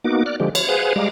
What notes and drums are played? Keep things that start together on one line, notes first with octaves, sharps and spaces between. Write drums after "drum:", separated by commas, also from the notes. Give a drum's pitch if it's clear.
A#3 B3 D#4 F#4 D6
D5 F6 F#6
D3 F3 G#3 G4
C#5, drum: cymbal
G#4 B4 C5 F5 F#5 G#5
G3 G#3 F5 A#5 D6